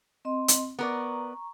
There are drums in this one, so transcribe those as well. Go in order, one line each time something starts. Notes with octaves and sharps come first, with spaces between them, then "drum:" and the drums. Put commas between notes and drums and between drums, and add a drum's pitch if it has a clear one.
C4 D#5 C6
drum: hi-hat
B3 A#4 D5 A#5 C#6